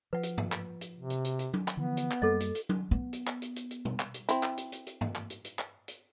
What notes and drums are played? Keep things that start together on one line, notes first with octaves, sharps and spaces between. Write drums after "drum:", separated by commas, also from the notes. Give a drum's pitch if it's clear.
F3 B4 F#5
drum: hi-hat
drum: tom G2
drum: clap
drum: hi-hat
C3
drum: hi-hat
drum: hi-hat
drum: hi-hat
drum: tom F#3
drum: clap
D3 E3 F3 B3
drum: hi-hat
drum: clap
F#2 G3 A#3 A4 D#5
drum: hi-hat
drum: hi-hat
drum: tom F#3
B3
drum: hi-hat
drum: clap
drum: hi-hat
drum: hi-hat
drum: hi-hat
drum: tom
drum: clap
drum: hi-hat
C4 E4, drum: hi-hat
drum: clap
drum: hi-hat
drum: hi-hat
drum: hi-hat
drum: tom G2
drum: clap
drum: hi-hat
drum: hi-hat
drum: clap
drum: hi-hat